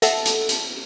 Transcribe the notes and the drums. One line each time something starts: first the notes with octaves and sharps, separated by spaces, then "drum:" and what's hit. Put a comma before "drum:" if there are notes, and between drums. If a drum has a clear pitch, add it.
A4 E5 F#5, drum: hi-hat
drum: hi-hat
drum: hi-hat